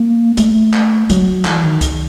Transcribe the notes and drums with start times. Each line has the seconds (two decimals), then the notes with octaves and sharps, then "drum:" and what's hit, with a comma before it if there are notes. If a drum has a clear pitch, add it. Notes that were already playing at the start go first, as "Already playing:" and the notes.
Already playing: A#3
0.37 A3, drum: hi-hat
0.73 drum: clap
1.09 F#3, drum: hi-hat
1.45 E3, drum: clap
1.63 D#3
1.81 drum: kick C#2, hi-hat